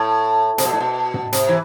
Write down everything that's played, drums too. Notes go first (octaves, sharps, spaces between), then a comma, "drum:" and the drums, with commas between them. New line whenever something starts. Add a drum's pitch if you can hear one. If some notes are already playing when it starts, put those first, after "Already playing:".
Already playing: A2
C3, drum: hi-hat
B2
A2
B2
drum: tom
C3, drum: hi-hat
E3